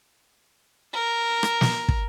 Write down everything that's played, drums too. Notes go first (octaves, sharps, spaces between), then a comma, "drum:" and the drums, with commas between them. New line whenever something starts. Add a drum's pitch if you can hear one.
A#4 E6
drum: rim click
drum: snare
drum: kick